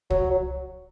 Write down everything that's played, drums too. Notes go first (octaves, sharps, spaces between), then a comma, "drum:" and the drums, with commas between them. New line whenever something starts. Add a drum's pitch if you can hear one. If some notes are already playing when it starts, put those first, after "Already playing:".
F#3, drum: kick
F#3